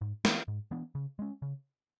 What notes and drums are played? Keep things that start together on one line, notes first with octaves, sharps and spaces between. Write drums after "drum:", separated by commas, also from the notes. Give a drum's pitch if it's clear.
G#2
E3 B3 D4, drum: snare
G#2
E3 B3 D4
C#3
G#3 C#4
C#3